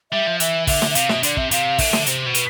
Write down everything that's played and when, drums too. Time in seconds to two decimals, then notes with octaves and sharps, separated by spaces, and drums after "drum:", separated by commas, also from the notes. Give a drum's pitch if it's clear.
0.12 G3 E5
0.27 F3
0.40 E3 E5, drum: hi-hat
0.67 D3 E5, drum: kick, open hi-hat
0.82 drum: snare
0.91 E5
0.95 C3 F5, drum: hi-hat
1.09 B2 E5, drum: snare
1.23 D3 D5, drum: hi-hat
1.37 C3 E5, drum: kick
1.51 C3 F5, drum: hi-hat
1.78 D3 E5, drum: kick, open hi-hat
1.93 drum: snare
2.06 C3 C5, drum: hi-hat
2.26 B2
2.34 B4, drum: hi-hat